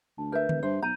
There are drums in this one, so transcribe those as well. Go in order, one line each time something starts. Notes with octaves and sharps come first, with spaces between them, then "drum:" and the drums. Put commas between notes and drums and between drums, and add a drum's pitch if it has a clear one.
D2 A5
A#4 B4 E5 G6
E1, drum: tom D3
G2 C5 E5
B1 A#5 G6 D#7